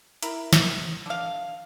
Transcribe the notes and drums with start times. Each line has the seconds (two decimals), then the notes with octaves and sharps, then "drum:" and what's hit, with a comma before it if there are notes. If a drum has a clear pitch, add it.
0.23 E4 A#4, drum: hi-hat
0.53 drum: snare
1.06 D3 F5